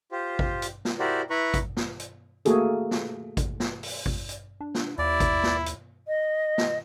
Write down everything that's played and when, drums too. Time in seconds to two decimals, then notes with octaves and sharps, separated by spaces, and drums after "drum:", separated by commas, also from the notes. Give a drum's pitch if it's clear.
0.12 F4 G4 C5
0.39 drum: kick G#1
0.62 drum: hi-hat
0.85 drum: snare
0.99 E4 F#4 G4 A#4 C5 D5
1.30 E4 B4 A#5 B5 C#6
1.54 drum: kick G#1, hi-hat
1.77 drum: snare
2.00 drum: hi-hat
2.45 A3 A#3 F#4 G#4 A4, drum: hi-hat
2.91 drum: snare
3.37 drum: kick G#1, hi-hat
3.60 drum: snare
3.83 drum: open hi-hat
4.06 drum: kick G#1
4.29 drum: hi-hat
4.60 D4
4.75 drum: snare
4.98 D#2 E4 D5
5.20 drum: kick G#1, hi-hat
5.43 drum: snare
5.66 drum: hi-hat
6.08 D#5
6.58 drum: snare